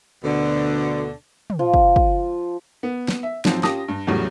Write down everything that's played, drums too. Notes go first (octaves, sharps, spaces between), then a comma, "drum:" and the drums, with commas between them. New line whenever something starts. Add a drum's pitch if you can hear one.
D2 B2 D3
drum: tom
F3
drum: kick
drum: kick
B3
drum: snare
E5
G#2 F3 F#3 C4, drum: snare
C#4 F4 G4 A5 D#6 A#6, drum: snare
G2
E2 A2 C#3 F#3 G3